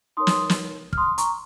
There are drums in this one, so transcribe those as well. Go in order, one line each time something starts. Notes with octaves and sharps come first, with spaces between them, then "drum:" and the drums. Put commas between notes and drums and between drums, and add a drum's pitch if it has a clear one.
D#4 A#4 C#5 C6 D#6
drum: snare
drum: snare
F6, drum: kick
C6 D#6
A#5 C#6, drum: hi-hat